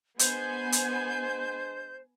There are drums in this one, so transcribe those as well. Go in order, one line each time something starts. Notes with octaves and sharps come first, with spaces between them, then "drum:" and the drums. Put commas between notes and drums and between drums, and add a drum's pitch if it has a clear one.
G#3 B3 D4 C5 G#5 G6, drum: hi-hat
drum: hi-hat